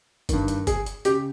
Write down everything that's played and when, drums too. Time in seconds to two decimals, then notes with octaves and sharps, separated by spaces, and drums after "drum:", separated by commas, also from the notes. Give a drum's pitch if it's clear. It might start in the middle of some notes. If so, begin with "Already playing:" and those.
0.29 G2 D#3, drum: kick, hi-hat
0.48 drum: hi-hat
0.67 G#4, drum: kick, hi-hat
0.86 drum: hi-hat
1.05 C#3 G4, drum: hi-hat